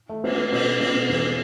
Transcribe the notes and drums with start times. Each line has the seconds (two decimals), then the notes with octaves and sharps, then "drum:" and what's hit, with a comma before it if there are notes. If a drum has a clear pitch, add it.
0.09 A3
0.24 B3, drum: cymbal
0.38 B3
0.52 B2, drum: cymbal
0.66 B3
0.80 B2, drum: cymbal
0.94 B2
1.09 E2, drum: cymbal